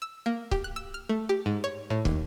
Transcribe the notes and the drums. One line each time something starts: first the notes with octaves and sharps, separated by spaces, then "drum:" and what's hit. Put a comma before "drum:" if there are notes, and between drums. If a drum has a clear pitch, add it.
E6
A#3
G4, drum: kick
F#6
E6
F6
A3
G4
G#2
C#5
A2
D#2, drum: kick